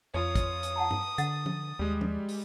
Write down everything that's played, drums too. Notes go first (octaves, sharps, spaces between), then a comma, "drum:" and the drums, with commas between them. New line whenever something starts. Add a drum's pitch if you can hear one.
F2 F4 C#5 D#6
drum: kick, hi-hat
drum: hi-hat
F#5 A5 A#5
drum: tom G2
D3 F#5 A6, drum: hi-hat
drum: tom F3
D#2 G3 G#3
drum: tom F3
drum: open hi-hat